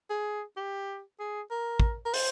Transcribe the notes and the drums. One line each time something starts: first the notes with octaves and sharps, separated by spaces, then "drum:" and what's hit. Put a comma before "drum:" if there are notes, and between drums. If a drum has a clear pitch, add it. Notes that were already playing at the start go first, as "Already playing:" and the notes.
G#4
G4
G#4
A#4
drum: kick
A#4
C5, drum: open hi-hat